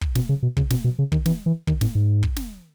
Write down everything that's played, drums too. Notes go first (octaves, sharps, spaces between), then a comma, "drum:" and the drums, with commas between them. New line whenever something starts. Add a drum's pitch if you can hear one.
drum: kick
B2, drum: snare
C#3
B2
C#3, drum: kick
B2, drum: snare
B2
C#3
D#3, drum: kick
E3, drum: snare
E3
D#3, drum: kick
A2, drum: snare
G#2
drum: kick
drum: snare